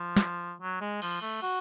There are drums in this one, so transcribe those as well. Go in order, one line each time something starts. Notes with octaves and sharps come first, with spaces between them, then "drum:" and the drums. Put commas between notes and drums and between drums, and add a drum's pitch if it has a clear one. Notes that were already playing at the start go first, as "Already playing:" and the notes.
Already playing: F3
drum: snare
F#3
G#3
F3, drum: cymbal
A3
F#4